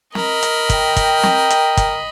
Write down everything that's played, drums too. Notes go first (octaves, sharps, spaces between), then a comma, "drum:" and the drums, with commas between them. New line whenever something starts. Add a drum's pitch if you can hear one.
A#4 D#5 B5, drum: snare
drum: hi-hat
G5, drum: kick, hi-hat
drum: kick, hi-hat
drum: snare
drum: hi-hat
drum: kick, hi-hat